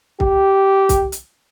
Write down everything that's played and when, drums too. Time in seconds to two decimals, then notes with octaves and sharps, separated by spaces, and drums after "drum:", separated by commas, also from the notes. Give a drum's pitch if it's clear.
0.20 G4, drum: kick C2
0.89 drum: kick C2, hi-hat
1.12 drum: hi-hat